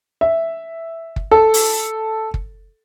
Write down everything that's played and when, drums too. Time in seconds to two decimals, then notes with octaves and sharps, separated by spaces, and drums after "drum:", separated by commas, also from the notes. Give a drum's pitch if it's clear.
0.21 E5
1.16 drum: kick
1.31 A4
1.54 drum: open hi-hat
2.34 drum: kick